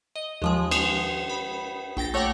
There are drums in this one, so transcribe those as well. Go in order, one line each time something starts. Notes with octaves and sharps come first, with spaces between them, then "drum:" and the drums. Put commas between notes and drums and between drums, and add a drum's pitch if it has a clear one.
D#5
D#2 F3 G#3
drum: cymbal
B5
A#1 G5 A6 A#6
A3 C#5 F#5 G5 D6